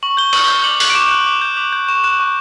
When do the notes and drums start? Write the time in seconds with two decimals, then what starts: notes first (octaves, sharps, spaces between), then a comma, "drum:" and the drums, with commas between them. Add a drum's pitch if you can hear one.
0.03 C#6 F#7
0.17 G6 G7
0.33 C#6 F#7, drum: cymbal
0.44 G7
0.48 G6
0.54 G7
0.64 D6 F#7
0.80 F#6 F#7, drum: open hi-hat
0.90 D7
0.95 D6 E7
1.11 F#6
1.26 D6
1.42 G6
1.57 D6
1.73 G6
1.88 C#6 E7
2.04 F#6 E7
2.20 C#6